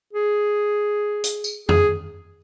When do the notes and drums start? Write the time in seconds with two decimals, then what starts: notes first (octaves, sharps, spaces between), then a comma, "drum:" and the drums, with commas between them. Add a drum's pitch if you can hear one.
0.13 G#4
1.24 drum: hi-hat
1.44 drum: tambourine
1.69 G#4, drum: tom F2